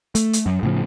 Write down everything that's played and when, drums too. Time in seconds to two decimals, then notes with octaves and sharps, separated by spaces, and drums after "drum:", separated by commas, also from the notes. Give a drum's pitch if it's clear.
0.15 A3, drum: hi-hat
0.33 drum: hi-hat
0.46 F#2
0.63 A2 C#3 F3